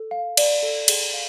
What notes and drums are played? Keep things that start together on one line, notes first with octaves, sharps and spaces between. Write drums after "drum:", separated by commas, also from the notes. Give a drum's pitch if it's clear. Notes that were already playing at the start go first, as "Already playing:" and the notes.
Already playing: A4
F5
D5, drum: cymbal
A4
G#4, drum: cymbal
F5